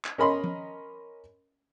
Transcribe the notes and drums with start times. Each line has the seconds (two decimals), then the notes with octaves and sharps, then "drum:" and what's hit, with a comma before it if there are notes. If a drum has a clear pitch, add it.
0.05 drum: clap
0.18 C#4 A#4 D#5 B5 C6
0.44 drum: tom F3